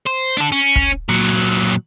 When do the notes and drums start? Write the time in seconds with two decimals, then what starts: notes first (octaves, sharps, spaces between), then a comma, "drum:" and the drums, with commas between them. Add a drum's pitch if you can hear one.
0.06 C5
0.37 D4 A4
0.52 C#4
0.76 drum: kick
1.09 A#2 F#3